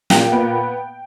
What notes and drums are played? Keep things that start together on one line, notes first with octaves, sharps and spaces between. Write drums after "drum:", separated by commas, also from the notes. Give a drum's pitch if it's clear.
A#2 G5, drum: snare
B3